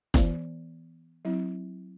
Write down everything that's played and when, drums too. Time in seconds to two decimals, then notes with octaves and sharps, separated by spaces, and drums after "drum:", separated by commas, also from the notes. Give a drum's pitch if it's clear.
0.14 E3 B3 F#4 C5, drum: snare
1.25 F#3 C4 E4